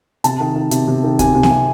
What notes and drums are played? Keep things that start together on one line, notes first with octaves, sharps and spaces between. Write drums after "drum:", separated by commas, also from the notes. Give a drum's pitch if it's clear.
C3 A5, drum: hi-hat
D#3
D#3
C3, drum: hi-hat
C3
D#3
C3 G#5, drum: kick C#2, hi-hat
C3
G#5, drum: snare B3
C3